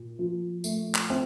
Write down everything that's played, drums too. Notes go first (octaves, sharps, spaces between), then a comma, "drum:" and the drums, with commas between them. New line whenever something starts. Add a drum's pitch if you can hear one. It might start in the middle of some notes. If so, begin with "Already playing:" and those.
Already playing: A#2
F3
A3, drum: tambourine
drum: clap
C4